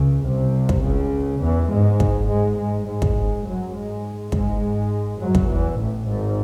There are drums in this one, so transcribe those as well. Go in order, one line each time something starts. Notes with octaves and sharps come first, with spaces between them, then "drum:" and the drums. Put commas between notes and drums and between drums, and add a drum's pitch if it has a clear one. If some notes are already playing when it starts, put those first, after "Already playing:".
Already playing: C#2 C#3
C2 C3
drum: kick
C#2 C#3
E2 E3
G#2 G#3
drum: kick
G#2 G#3
G#2 G#3
G#2 G#3
drum: kick
F#2 F#3
G#2 G#3
G#2 G#3, drum: kick
F#2 F#3
drum: kick
E2 E3
A1 A2
G#1 G#2